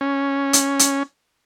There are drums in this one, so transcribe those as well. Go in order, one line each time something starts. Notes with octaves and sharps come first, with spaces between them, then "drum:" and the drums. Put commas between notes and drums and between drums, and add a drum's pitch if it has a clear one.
C#4
drum: hi-hat
drum: hi-hat